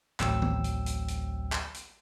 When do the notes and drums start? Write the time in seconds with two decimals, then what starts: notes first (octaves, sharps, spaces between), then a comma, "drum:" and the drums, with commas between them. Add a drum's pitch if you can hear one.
0.20 A1 D2 F#3 C4 G5 E6, drum: clap
0.42 drum: tom D#3
0.64 drum: hi-hat
0.86 drum: hi-hat
1.08 drum: hi-hat
1.52 drum: clap
1.74 drum: hi-hat